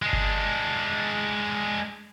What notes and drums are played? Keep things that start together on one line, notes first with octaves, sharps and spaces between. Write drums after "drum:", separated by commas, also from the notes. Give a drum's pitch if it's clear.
G#3 D4
drum: kick G1